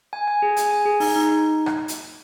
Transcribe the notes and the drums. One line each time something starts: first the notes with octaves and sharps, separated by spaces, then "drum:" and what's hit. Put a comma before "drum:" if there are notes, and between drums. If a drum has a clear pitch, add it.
G#5
G#5
G#4
G#5, drum: hi-hat
G#5
G#4
D#4, drum: open hi-hat
D#4
D#4
drum: rim click
drum: hi-hat